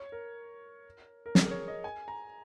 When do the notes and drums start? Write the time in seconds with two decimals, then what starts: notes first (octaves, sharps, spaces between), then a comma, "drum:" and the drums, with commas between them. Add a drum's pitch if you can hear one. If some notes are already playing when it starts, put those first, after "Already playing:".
Already playing: C#5
0.12 A#4
1.26 A#4
1.35 G#4, drum: snare
1.45 A#4
1.51 C#5
1.68 D#5
1.84 G#5
2.08 A#5